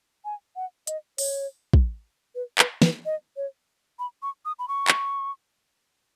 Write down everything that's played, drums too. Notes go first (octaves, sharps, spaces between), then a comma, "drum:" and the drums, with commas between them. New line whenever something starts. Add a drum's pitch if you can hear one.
G#5
F#5
D#5, drum: hi-hat
C#5, drum: open hi-hat
drum: kick
B4
B4, drum: clap
B4, drum: snare
D#5
C#5
B5
C#6
D#6
B5
C#6
drum: clap